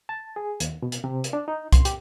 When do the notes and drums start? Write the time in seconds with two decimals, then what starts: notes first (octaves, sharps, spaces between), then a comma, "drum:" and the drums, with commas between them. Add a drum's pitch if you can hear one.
0.09 A5
0.36 G#4
0.60 D#2, drum: hi-hat
0.82 B2
0.92 drum: hi-hat
1.04 C3
1.24 drum: hi-hat
1.33 D4
1.48 D#4
1.72 C6, drum: kick, hi-hat
1.85 G4, drum: hi-hat